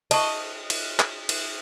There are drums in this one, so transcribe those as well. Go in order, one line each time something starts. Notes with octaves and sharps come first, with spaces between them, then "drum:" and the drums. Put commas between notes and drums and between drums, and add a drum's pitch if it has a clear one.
D#5 A5 C#6, drum: cymbal
drum: cymbal
drum: clap
drum: cymbal